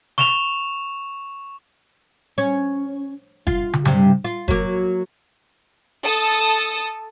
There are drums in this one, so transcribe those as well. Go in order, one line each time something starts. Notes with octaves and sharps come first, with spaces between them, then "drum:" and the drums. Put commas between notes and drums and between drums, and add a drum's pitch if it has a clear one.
C#6 E7 F7, drum: snare
C#4
F4, drum: kick
drum: tom
G2 C3, drum: tom
F4
F#3 A#3, drum: kick
A4 A5 D#6